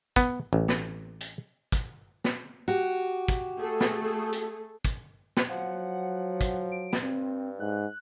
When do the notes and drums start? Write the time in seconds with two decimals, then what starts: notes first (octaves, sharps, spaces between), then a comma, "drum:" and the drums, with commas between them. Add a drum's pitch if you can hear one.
0.16 B3, drum: kick, hi-hat
0.53 A1
0.68 drum: snare
1.20 drum: hi-hat
1.72 drum: kick, hi-hat
2.24 drum: snare
2.68 F#4 G4
3.28 drum: kick, hi-hat
3.59 A3 G#4 A4
3.81 drum: snare
4.33 drum: hi-hat
4.85 drum: kick, hi-hat
5.37 drum: snare
5.49 F3 F#3 F#5
6.02 F#5
6.41 drum: kick, hi-hat
6.72 D7
6.93 drum: snare
7.02 G2 C4
7.60 G#2 F#6